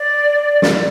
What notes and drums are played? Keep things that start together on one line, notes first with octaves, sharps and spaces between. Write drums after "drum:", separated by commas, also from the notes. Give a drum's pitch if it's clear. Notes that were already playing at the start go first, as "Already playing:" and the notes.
Already playing: D5
drum: snare